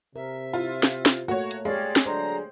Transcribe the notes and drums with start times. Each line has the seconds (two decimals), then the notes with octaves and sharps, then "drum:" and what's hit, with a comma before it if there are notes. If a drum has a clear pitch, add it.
0.16 C3 A#4 E5
0.53 E4 F4
0.83 drum: snare
1.06 drum: snare
1.28 A3 A#3 F#4 C#5
1.51 drum: hi-hat
1.65 G#3 G4 C#5 D5 F5
1.96 drum: snare
2.06 D3 F#3 D4 C5 A#5